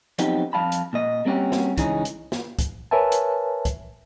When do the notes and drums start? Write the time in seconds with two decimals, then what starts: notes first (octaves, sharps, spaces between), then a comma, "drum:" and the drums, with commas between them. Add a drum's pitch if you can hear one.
0.19 F3 F#3 B3 C4 D#4 G4, drum: hi-hat
0.53 F2 F5 A5 B5
0.72 drum: hi-hat
0.93 A#2 D#5
1.25 G3 A#3 C4 C#4 F#4 G4
1.52 drum: snare
1.78 C#2 E3 C#4 D#4 G#4, drum: kick C2, hi-hat
2.05 drum: hi-hat
2.32 drum: snare
2.59 drum: kick C2, hi-hat
2.91 A#4 B4 C#5 E5 G#5 A5
3.12 drum: hi-hat
3.65 drum: kick C2, hi-hat